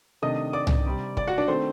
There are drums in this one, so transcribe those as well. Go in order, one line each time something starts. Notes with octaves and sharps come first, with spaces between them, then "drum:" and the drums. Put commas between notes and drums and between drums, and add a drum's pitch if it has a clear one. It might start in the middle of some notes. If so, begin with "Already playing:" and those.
C3 D#3 A3 D4 D#5 D#6
D5 D6
drum: tom C2
C3 G3 C4
D5 D6, drum: kick
F#4 F#5
D4 D5
D#3 A3 C4 D4 C5